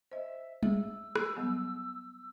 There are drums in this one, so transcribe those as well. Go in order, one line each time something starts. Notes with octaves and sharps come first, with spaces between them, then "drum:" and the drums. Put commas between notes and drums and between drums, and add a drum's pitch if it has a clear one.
C5 D#5 E5
G#4 E5 E6, drum: tom G3
drum: rim click
F#3 G3 B3